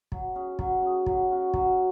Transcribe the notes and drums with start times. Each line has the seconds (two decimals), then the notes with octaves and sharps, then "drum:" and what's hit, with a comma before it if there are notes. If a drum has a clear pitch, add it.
0.12 F#3, drum: kick
0.36 C#4 G#4
0.59 F#3, drum: kick
0.82 C#4 G#4
1.06 F#3, drum: kick
1.31 C#4 F#4
1.54 F#3, drum: kick